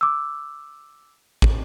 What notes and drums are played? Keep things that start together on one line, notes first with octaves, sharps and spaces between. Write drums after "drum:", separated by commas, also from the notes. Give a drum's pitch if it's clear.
D6 E6
drum: kick